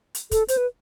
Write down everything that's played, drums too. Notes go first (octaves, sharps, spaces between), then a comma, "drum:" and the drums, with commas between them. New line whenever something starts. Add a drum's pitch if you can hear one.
drum: hi-hat
A4, drum: kick, hi-hat
C5, drum: hi-hat
B4